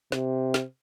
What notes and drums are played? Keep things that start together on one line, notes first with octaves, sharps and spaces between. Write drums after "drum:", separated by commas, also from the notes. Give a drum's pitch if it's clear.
C3, drum: snare
drum: snare